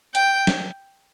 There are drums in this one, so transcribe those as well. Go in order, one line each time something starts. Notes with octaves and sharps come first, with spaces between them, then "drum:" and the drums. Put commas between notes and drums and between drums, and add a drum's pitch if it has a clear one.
G5, drum: hi-hat
drum: snare